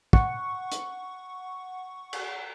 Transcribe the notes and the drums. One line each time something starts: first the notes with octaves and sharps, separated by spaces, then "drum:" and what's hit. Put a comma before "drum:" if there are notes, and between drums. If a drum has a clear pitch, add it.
F#5 C#6, drum: kick
drum: hi-hat
drum: cymbal